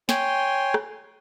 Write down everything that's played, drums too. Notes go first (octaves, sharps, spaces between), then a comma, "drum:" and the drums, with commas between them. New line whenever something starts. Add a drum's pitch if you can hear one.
C#5 G5 G#5 C6, drum: snare
drum: rim click